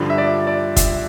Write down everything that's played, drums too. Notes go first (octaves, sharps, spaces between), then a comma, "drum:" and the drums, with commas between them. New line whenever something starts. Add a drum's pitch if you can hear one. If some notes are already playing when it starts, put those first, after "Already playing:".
Already playing: G2 D3 F3
E5
D5
D5
E5, drum: kick, hi-hat